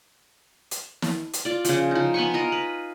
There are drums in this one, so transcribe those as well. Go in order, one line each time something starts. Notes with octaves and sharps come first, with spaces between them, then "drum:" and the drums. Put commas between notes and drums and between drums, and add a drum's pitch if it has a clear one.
drum: hi-hat
drum: snare
drum: hi-hat
F4 D5
C#3 F3, drum: hi-hat
F3 D#4
B3 B4 G#5 C#6
F4 A#4 D#5
B4